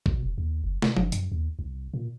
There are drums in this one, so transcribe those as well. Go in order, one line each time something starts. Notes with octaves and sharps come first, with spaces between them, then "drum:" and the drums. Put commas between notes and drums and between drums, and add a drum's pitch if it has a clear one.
B2, drum: kick A1
E1
D#2
F#1
B2, drum: snare
F#1, drum: tom F3
F#2, drum: hi-hat
D#2
C2
A#2